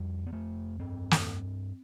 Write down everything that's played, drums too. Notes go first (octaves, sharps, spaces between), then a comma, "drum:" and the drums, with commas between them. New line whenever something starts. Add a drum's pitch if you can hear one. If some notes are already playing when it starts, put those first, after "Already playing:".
Already playing: F2 G3
B3
F2 A3
G2 C4
drum: snare
G2